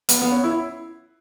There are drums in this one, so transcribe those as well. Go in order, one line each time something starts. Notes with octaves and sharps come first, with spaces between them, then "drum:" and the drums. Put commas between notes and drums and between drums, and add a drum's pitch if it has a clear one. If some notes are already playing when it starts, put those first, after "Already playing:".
B3, drum: hi-hat
B3
C#4
E4